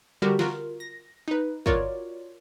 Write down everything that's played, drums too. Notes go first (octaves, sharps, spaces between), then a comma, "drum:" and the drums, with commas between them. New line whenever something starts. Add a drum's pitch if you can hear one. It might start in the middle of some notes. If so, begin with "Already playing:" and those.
D3 G3 F#4 G4 A#4
F4 F#4 A#4, drum: snare
A#6
D#4 B4
F4 F#4 A#4 C#5 D5, drum: kick